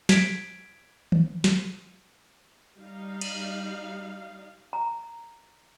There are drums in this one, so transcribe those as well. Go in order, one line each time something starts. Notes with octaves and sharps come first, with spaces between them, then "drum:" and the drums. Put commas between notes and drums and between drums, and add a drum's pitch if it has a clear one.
G#6 B6 D7, drum: snare
drum: tom D#3
drum: snare
G3 D#4 F5
drum: cymbal
A#5